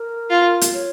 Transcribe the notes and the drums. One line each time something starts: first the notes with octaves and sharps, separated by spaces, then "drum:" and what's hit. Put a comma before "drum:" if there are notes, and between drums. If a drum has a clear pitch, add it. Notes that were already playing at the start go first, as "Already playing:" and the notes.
Already playing: A#4
F4
drum: hi-hat
C#5